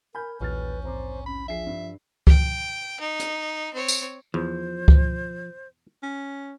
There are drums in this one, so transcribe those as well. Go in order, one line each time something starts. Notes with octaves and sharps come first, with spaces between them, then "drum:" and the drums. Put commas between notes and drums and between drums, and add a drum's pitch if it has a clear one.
A#4 G#5 B5 F6 G6
D#1 A#1 D#2 E3 C#4 B4 F6 A6
G#1 C5 A#5 D6
C#4 B5
F3 D4 G#4 E5 C7
G2
G5, drum: kick C#2
D#4
drum: hi-hat
C4 C#5
drum: tambourine
E2 F3 C5
drum: kick C#2
C#4